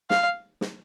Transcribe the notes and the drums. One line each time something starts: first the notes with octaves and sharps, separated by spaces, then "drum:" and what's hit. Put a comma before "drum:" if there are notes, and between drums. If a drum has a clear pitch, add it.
F5, drum: snare
drum: snare